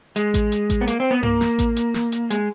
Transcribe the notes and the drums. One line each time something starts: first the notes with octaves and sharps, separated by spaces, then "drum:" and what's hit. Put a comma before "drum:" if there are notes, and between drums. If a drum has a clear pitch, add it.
G#3, drum: hi-hat
drum: kick A1, hi-hat
drum: hi-hat
drum: kick A1, hi-hat
B3
A#3, drum: hi-hat
C4
B3
A#3, drum: tom G2
drum: snare
drum: kick A1, hi-hat
drum: hi-hat
drum: snare
drum: hi-hat
G#3, drum: hi-hat